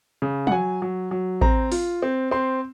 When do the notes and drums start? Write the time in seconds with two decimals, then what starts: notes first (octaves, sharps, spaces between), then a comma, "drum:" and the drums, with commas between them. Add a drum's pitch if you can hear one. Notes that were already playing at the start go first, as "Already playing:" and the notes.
0.22 C#3
0.47 F#5, drum: tom
0.51 F#3 G#5
0.82 F#3
1.11 F#3
1.41 C4 A#5, drum: kick A1
1.72 F4, drum: open hi-hat
2.02 C4
2.31 C4 C6